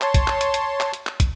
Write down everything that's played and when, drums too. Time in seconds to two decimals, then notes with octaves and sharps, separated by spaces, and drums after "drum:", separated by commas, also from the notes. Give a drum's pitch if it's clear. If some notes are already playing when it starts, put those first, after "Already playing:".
0.01 C#5 A5 C6, drum: clap
0.14 drum: kick, hi-hat
0.28 drum: clap
0.41 drum: hi-hat
0.54 drum: hi-hat
0.80 drum: clap
0.94 drum: hi-hat
1.07 drum: clap
1.20 drum: kick, hi-hat